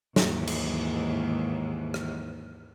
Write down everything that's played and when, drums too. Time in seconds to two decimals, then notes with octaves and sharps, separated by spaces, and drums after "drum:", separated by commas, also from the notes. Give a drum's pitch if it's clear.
0.16 D#2 G#2 E3, drum: snare
0.47 drum: cymbal
1.94 drum: rim click